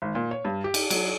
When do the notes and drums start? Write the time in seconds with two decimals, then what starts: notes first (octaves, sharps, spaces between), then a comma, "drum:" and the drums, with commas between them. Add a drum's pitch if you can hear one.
0.02 G#1
0.15 A#2
0.31 C#5
0.45 G2
0.64 G4
0.74 drum: cymbal
0.90 F#3, drum: cymbal